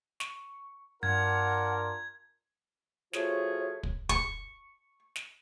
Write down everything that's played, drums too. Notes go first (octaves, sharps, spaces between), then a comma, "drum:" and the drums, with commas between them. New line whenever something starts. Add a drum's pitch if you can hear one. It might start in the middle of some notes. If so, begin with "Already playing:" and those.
C#6, drum: snare
G2 D4 F4 A#4 F#5 G#6
F3 A3 F4 F#4 G#4 C#5, drum: snare
drum: kick
C#6, drum: kick
drum: snare